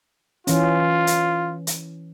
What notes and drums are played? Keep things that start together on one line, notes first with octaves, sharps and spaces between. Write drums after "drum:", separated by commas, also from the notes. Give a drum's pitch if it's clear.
E3 C#4 F4, drum: hi-hat
drum: hi-hat
drum: hi-hat